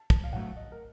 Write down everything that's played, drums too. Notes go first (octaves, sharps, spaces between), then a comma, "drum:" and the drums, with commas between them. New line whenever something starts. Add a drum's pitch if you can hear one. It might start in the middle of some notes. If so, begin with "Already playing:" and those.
Already playing: A5
A5, drum: kick
F5
A2 F#3 A3 F#5
D#5
A#4